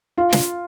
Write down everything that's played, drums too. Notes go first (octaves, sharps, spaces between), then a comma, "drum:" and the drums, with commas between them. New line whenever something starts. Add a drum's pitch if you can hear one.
F4
drum: snare